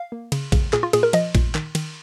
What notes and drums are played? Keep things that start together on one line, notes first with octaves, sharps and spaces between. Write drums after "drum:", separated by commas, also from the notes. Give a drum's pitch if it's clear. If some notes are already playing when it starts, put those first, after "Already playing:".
Already playing: F5
A#3
C#3, drum: cymbal
C#3, drum: kick, cymbal
A#2 G#4, drum: clap
F4
A#2 G#4, drum: cymbal
A#4
F3 D#5, drum: cymbal
A#2, drum: kick, cymbal
D#3, drum: clap
D#3, drum: cymbal